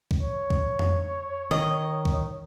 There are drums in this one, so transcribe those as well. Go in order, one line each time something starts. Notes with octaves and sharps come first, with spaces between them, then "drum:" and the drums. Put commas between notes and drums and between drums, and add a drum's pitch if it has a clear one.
drum: kick C2
C#5
drum: kick C2
drum: tom F2
D#3 D#5
drum: kick C2